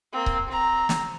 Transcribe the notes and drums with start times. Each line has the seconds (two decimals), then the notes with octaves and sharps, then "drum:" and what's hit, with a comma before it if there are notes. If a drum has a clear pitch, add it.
0.13 A#3 C4
0.26 drum: kick C#1
0.47 C4 A#5
0.89 drum: snare